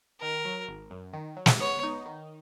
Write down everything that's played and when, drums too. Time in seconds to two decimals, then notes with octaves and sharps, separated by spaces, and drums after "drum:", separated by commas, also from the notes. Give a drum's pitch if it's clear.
0.21 D#3 A#4
0.45 F#3
0.68 G#1
0.91 F#2
1.13 D#3
1.37 F#3
1.46 drum: snare
1.60 B3 C#5
1.83 D#4
2.06 D#3